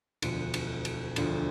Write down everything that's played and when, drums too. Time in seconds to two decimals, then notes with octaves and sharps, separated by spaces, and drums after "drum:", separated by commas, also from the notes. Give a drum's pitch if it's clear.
0.22 E1 D2 D3 F3, drum: cymbal
0.54 drum: cymbal
0.85 drum: cymbal
1.16 E1 D2 D3 F3, drum: cymbal